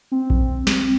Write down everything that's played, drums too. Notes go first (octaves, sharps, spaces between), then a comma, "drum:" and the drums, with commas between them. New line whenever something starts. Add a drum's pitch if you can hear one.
C4
drum: kick A#1
drum: snare